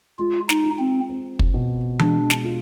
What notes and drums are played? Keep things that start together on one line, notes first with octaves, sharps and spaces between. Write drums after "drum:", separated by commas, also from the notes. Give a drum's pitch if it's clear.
G#3 F4
D#4, drum: snare
F4
C4
C4
drum: kick
B2
G#3 D4, drum: tom E3
drum: snare
F4